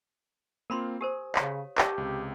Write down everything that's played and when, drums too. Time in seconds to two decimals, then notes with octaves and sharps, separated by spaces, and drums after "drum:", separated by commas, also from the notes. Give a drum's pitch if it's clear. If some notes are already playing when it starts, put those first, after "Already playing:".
0.70 A#3 C4 F4 A#4 B5 C6
1.01 G4 A#4 C5 G#5 D#6
1.35 C#3 G4 C#5 F5, drum: clap
1.78 G4 A5 C#6 E6, drum: clap
1.98 C#2 C3